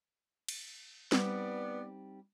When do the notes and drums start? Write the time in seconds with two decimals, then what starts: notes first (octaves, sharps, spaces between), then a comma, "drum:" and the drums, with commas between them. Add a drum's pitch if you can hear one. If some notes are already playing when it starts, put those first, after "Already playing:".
0.48 drum: cymbal
1.12 G3 B3 C4 D#4 D5, drum: snare